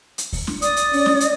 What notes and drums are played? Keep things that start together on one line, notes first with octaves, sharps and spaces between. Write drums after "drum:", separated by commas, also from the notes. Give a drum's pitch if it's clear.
drum: hi-hat
drum: kick D2, open hi-hat
drum: snare
D5 D#6, drum: hi-hat
drum: hi-hat
C#4, drum: open hi-hat
drum: snare
drum: hi-hat